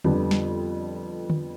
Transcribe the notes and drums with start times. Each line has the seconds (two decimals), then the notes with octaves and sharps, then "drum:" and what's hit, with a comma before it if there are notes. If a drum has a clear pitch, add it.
0.04 F2 D3 G3 B3, drum: tom D3
0.31 drum: snare
1.30 drum: tom D3